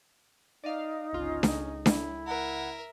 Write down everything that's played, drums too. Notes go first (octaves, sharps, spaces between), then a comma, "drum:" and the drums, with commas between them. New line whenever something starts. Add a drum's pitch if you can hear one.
D#4 D5 D#5 F5
G1 C#2 C#4 F4
C#2, drum: snare D4
E4, drum: snare D4
A#4 E5 F#5